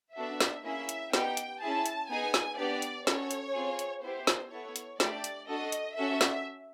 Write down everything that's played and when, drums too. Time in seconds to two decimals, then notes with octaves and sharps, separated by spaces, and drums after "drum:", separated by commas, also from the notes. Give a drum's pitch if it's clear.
0.16 B3 D4 F#4 A4 E5
0.40 drum: snare
0.64 A#3 C#4 E4 G#4 E5
0.89 drum: hi-hat
1.13 B3 D#4 G4 G5, drum: snare
1.37 drum: hi-hat
1.61 C#4 E4 G#4 A5
1.86 drum: hi-hat
2.09 B3 D#4 G#4 G#5
2.34 drum: snare
2.58 B3 D4 G4 D5
2.82 drum: hi-hat
3.07 C#4 F#4 A4 C#5, drum: snare
3.31 drum: hi-hat
3.54 C4 F4 G#4
3.79 drum: hi-hat
4.03 B3 E4 G4 C5
4.27 drum: snare
4.51 B3 E4 A4 C#5
4.76 drum: hi-hat
5.00 A3 D4 G4 D5, drum: snare
5.24 drum: hi-hat
5.48 D4 F#4 A4 D#5
5.72 drum: hi-hat
5.96 C#4 F#4 A4 E5
6.21 drum: snare